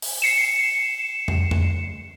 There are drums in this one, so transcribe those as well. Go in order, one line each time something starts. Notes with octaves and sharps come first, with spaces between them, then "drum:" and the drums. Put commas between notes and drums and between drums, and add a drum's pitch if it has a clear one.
drum: open hi-hat
C7 C#7 E7
drum: tom F2
drum: tom F2